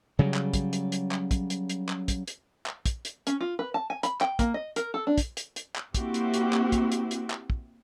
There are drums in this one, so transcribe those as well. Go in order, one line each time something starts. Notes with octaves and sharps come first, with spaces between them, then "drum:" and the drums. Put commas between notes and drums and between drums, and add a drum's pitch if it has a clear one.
C#3 F#3 G3
drum: clap
drum: kick, hi-hat
drum: hi-hat
drum: hi-hat
drum: clap
drum: kick, hi-hat
drum: hi-hat
drum: hi-hat
drum: clap
drum: kick, hi-hat
drum: hi-hat
drum: clap
drum: kick, hi-hat
drum: hi-hat
C#4, drum: hi-hat
F4
B4
A5
G#5
B5, drum: hi-hat
G5, drum: clap
A#3, drum: kick, hi-hat
D#5
A#4, drum: hi-hat
A4
D4
drum: kick, hi-hat
drum: hi-hat
drum: hi-hat
drum: clap
A#3 C4 E4 F#4 G4, drum: kick, hi-hat
drum: hi-hat
drum: hi-hat
drum: clap
drum: kick, hi-hat
drum: hi-hat
drum: hi-hat
drum: clap
drum: kick